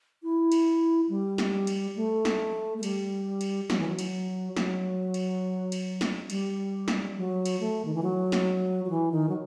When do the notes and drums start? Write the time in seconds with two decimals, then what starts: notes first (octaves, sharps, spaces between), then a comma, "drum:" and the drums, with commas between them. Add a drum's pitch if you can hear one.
0.23 E4
0.52 drum: cymbal
1.09 G3
1.38 drum: snare
1.67 drum: cymbal
1.96 A3
2.25 drum: snare
2.78 A3
2.83 G3, drum: cymbal
3.41 drum: cymbal
3.70 F#3, drum: snare
3.79 E3
3.88 F#3
3.99 drum: cymbal
4.57 F#3, drum: snare
5.14 drum: cymbal
5.72 drum: cymbal
6.01 drum: snare
6.30 G3, drum: cymbal
6.88 drum: snare
7.17 F#3
7.46 drum: cymbal
7.60 A3
7.85 D#3
7.94 E3
8.03 F#3
8.32 drum: snare
8.85 F#3
8.90 E3
9.12 D#3
9.29 F#3